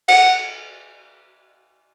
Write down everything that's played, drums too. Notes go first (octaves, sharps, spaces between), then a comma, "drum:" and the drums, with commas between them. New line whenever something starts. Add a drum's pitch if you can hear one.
F#5, drum: cymbal